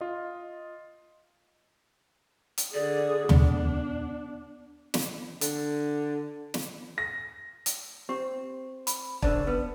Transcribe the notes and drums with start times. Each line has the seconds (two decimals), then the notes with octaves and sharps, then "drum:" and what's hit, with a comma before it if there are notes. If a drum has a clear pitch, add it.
0.01 F4 D#5
2.58 drum: hi-hat
2.74 D3 G#4 D5
3.29 B3 D4, drum: tom
4.94 drum: snare
5.41 D3, drum: hi-hat
6.54 drum: snare
6.98 A#6
7.66 drum: hi-hat
8.09 C4 G4
8.87 B5, drum: hi-hat
9.22 C#3 D4 A#4 C5 A5, drum: kick
9.47 B3 B4